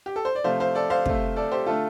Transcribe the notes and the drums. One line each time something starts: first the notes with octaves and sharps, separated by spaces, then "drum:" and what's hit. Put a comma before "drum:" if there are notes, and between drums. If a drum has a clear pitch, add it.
G4
A4
C5
D5
C3 F3 A3 C5 F5
C5 F5
A4 D5
C5 F5
C3 A3, drum: kick
A4 D5
G4 C5
D3 A3 F4 A4